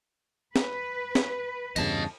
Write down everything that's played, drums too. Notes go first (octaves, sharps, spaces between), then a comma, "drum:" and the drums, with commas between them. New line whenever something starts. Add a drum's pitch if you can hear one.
B4, drum: snare
drum: snare
E2 G2 C#3 D#5 A5, drum: cymbal